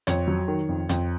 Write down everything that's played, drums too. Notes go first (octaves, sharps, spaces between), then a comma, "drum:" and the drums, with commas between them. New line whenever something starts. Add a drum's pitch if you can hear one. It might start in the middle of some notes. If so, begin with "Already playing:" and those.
F2 C#5, drum: hi-hat
F#3
D#3
F2
F2, drum: hi-hat